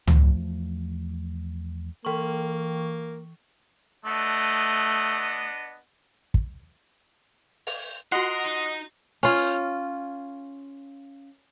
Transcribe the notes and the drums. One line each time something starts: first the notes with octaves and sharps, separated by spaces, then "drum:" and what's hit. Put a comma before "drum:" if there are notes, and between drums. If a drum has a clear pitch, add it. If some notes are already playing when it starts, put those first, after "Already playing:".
E2 F3 A3, drum: tom C#2
E3 A#3 C#6
A3 B3 D4 D#5
drum: kick
drum: open hi-hat
F4 F#4 A#4 D#5 F#5 C6 C7
D#4
C#4 F4, drum: open hi-hat